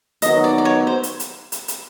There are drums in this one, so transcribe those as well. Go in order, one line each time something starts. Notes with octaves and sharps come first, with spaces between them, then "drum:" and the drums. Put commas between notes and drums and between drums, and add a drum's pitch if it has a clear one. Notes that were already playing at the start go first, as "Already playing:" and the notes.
D#3 F#3 B3 D#4 D#5, drum: hi-hat
D5
D5
C#5
C5
drum: hi-hat
drum: hi-hat
drum: hi-hat
drum: hi-hat